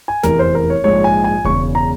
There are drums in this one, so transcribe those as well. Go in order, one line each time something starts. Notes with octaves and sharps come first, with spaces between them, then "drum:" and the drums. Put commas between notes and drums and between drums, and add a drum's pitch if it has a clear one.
G#5
F1 E2 E3 A#4, drum: snare
C5
A#4
C#5
A#1 G#2 F3 G#3 C#5
G#5
G#5
E1 E2 C#3 C#6, drum: kick E1
A#5